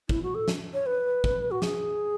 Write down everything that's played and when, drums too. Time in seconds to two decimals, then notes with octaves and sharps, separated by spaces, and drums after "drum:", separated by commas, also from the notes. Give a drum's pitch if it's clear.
0.09 E4, drum: kick
0.23 F#4
0.35 A4
0.48 drum: snare
0.74 C#5
0.86 B4
1.24 drum: kick
1.51 F#4
1.62 G#4, drum: snare